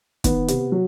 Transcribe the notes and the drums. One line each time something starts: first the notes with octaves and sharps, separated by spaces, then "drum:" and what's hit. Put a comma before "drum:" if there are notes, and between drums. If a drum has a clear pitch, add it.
D#3 B3, drum: kick, hi-hat
C3, drum: hi-hat
F#3